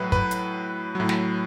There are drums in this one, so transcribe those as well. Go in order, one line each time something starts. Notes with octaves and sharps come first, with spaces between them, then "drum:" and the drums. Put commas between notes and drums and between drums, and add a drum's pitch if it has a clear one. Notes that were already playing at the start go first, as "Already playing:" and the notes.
Already playing: A2 F#3 B4
B4, drum: kick
drum: hi-hat
A2 F#3
drum: snare